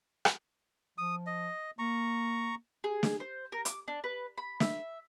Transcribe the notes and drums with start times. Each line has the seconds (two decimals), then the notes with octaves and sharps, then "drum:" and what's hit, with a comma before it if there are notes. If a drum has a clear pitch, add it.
0.25 drum: rim click
0.98 F3 D#6
1.26 D#5
1.79 A#3 A#5 C#6
2.84 G#4
3.03 drum: snare
3.20 C5
3.52 A#4
3.65 D6, drum: hi-hat
3.88 D4
4.04 B4
4.38 B5
4.60 E5, drum: snare